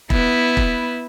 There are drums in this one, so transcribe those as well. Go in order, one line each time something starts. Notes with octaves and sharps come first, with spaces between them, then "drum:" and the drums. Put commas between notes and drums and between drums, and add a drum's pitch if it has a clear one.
B3 E4 B4, drum: kick E1
drum: kick E1